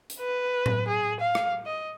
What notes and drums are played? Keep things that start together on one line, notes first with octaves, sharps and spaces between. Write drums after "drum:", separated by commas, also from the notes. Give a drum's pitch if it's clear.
drum: hi-hat
B4
drum: tom A2
G#4
F5
drum: rim click
D#5